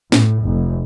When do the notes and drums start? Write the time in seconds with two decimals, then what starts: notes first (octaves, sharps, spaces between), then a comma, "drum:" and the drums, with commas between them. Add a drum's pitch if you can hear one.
0.12 A2, drum: snare
0.44 F1